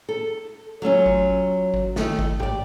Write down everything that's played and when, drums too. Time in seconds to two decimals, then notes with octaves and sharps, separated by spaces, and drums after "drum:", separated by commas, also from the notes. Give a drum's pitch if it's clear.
0.09 A4
0.82 F#3 A3 C#4 F4
1.06 drum: kick G#1
1.74 drum: kick G#1
1.96 D#3 A3 E4, drum: snare
2.19 drum: kick G#1
2.40 G4 D5, drum: tom G#2